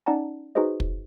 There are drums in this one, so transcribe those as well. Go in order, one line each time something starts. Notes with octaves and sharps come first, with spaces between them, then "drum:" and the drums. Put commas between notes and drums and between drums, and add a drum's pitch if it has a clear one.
C#4 D#4 D5 F#5 A5 A#5
D#4 F#4 G#4 B4 C5 D#5
drum: kick